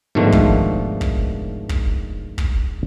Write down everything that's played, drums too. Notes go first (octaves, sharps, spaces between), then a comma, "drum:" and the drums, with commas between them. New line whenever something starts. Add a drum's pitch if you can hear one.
G#2 B2 D3 D#3 F3 A3
drum: kick
drum: kick
drum: kick
drum: kick